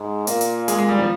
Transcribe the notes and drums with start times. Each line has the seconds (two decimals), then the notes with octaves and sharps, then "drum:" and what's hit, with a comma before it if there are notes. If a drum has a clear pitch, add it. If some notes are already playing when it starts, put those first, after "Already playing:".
Already playing: G#2
0.27 A#2 A#3, drum: hi-hat
0.41 drum: hi-hat
0.68 G#3, drum: hi-hat
0.79 G#3
0.89 G3
0.99 F3